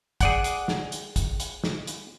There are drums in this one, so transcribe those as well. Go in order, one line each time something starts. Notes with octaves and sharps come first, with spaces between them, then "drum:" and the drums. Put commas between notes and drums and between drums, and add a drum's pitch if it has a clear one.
G#4 D5 F#5, drum: kick, hi-hat
drum: hi-hat
drum: snare
drum: hi-hat
drum: kick, hi-hat
drum: hi-hat
drum: snare
drum: hi-hat